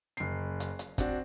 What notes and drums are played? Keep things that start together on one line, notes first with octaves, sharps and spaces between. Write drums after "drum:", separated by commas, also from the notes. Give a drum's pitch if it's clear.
F#1 C7
drum: hi-hat
drum: hi-hat
C4 D4 F#4, drum: kick, hi-hat